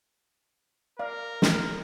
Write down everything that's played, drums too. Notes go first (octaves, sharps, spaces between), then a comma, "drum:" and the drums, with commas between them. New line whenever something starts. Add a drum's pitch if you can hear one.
A#4 D5 F5
drum: snare